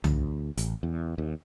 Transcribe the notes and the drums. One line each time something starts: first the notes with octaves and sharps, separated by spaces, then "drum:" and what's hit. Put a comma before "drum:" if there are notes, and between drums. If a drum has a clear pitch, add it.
D2, drum: tom C2
A1, drum: hi-hat
E2
D#2